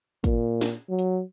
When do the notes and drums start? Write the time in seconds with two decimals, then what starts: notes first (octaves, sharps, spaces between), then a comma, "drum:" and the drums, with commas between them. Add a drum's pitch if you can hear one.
0.24 A#2, drum: kick, hi-hat
0.61 drum: snare
0.89 F#3
0.99 drum: hi-hat